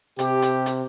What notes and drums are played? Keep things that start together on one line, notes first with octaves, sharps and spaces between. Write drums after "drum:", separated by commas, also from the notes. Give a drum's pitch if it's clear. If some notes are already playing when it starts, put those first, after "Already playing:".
C3 G4, drum: hi-hat
drum: hi-hat
drum: hi-hat